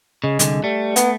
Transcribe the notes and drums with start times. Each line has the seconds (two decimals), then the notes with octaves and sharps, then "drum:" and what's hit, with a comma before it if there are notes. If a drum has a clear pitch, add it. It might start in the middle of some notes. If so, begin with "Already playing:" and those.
0.24 C#3 G#3
0.39 C2 D3, drum: hi-hat
0.64 G3 A3
0.96 B3, drum: hi-hat